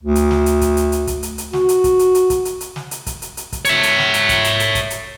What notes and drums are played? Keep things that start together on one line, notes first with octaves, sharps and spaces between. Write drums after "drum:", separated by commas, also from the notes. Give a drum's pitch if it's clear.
D2
drum: hi-hat
drum: snare
drum: hi-hat
drum: kick, hi-hat
drum: hi-hat
drum: hi-hat
drum: kick, hi-hat
drum: hi-hat
drum: hi-hat
F#4, drum: snare
drum: hi-hat
drum: kick, hi-hat
drum: hi-hat
drum: hi-hat
drum: kick, hi-hat
drum: hi-hat
drum: hi-hat
drum: snare
drum: hi-hat
drum: kick, hi-hat
drum: hi-hat
drum: hi-hat
drum: kick, hi-hat
C#5 E5, drum: hi-hat
drum: hi-hat
drum: snare
drum: hi-hat
drum: kick, hi-hat
drum: hi-hat
drum: hi-hat
drum: kick, hi-hat
drum: hi-hat